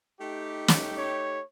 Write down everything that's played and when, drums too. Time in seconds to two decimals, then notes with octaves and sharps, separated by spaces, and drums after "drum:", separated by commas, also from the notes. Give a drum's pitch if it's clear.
0.21 A3 D#4 G4
0.68 drum: snare
0.98 C#5